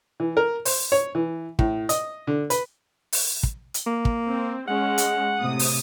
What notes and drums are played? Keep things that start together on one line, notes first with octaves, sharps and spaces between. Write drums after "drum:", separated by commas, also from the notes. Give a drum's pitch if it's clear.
E3
A#4
C5, drum: open hi-hat
C#5
E3
A2, drum: kick
D#5, drum: hi-hat
D3
B4, drum: hi-hat
drum: open hi-hat
drum: kick
drum: hi-hat
A#3
drum: kick
C4
G#3 C#4 F#5
drum: hi-hat
A2 C3 D#6
drum: open hi-hat